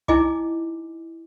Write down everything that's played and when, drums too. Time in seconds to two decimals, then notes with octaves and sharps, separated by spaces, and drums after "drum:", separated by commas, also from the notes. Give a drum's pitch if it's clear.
0.08 D#4 E4 G#4 D#5 G#5 D6, drum: kick